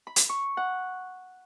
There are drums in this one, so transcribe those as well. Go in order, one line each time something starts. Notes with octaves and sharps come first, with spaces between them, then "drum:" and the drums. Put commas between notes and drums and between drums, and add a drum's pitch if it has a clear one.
B5
drum: hi-hat
C#6
F#5